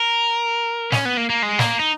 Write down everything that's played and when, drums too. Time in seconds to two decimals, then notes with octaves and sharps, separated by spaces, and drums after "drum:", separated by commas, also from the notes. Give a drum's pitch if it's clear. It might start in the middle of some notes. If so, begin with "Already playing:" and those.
Already playing: A#4
0.92 C#4, drum: snare
1.05 B3
1.17 A#3
1.30 A#3
1.43 G#3
1.59 A#3, drum: snare
1.80 D#4